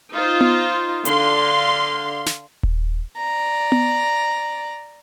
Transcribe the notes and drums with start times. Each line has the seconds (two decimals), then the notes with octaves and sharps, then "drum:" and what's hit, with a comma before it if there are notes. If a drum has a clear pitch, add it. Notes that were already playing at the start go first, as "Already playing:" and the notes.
0.13 D#4 F4 C5
0.41 drum: tom B3
1.05 D3 F5 C6, drum: hi-hat
2.26 drum: snare
2.63 drum: kick D#1
3.17 D5 A#5
3.72 drum: tom B3